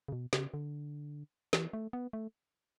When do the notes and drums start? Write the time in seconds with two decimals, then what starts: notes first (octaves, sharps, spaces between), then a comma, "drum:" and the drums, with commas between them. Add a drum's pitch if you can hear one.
0.08 C#3
0.12 B2
0.33 C#3, drum: snare
0.54 D3
1.53 E3, drum: snare
1.73 A3
1.93 B3
2.13 A3